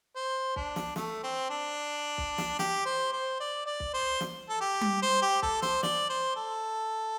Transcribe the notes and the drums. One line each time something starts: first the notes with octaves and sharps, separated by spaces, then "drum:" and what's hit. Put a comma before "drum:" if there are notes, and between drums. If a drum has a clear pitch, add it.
C5
D4, drum: kick
drum: snare
A3, drum: snare
C4
D4
drum: kick
drum: snare
G4, drum: snare
C5
C5
D5
D5
drum: kick
C5
drum: snare
A4
G4
drum: tom G3
C5
G4
A4, drum: kick
C5, drum: snare
D5, drum: snare
C5
A4